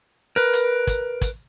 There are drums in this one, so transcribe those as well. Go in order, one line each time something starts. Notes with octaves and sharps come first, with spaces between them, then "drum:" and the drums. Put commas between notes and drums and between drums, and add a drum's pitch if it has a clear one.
A#4 B4
drum: hi-hat
drum: kick, hi-hat
drum: kick, hi-hat